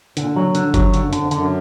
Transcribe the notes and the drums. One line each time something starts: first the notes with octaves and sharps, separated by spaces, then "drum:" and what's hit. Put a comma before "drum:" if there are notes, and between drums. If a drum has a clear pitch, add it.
A#2 D3, drum: hi-hat
A#2 F#3
A#2
A2 D3, drum: hi-hat
F#3, drum: kick G1, hi-hat
G2
D3, drum: hi-hat
F#2
F2 D3, drum: hi-hat
F#2 D3, drum: hi-hat